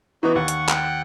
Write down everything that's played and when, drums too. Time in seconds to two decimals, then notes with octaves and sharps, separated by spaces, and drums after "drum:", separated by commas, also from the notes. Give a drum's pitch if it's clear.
0.23 E3 B3 D#4 F#4
0.35 D#2 F#5 C#6
0.48 drum: hi-hat
0.69 F#5 G5 F#6, drum: clap